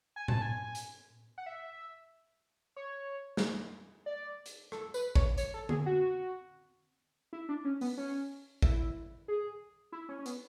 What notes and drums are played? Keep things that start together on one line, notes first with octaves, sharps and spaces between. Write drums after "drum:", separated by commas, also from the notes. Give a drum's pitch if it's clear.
G#5
A5, drum: tom A2
G#5
drum: hi-hat
F#5
E5
C#5
drum: snare
D5
drum: hi-hat
A4, drum: rim click
B4, drum: tambourine
C#5, drum: kick
C#5, drum: hi-hat
A4
G#4, drum: tom D3
F#4
E4
D4
C#4
B3, drum: open hi-hat
C#4
E4, drum: kick
G#4
E4
C#4
C#4
B3, drum: hi-hat